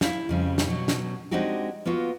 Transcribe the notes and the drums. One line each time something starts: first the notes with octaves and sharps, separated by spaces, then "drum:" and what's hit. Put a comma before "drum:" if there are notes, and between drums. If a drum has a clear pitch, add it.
E4 E5 F5, drum: snare
F2 C#3 G3
drum: snare
B2 F#3
drum: snare
G#3 C4 D4 D#4 F#4 G4
A#3 B3 F4 F#4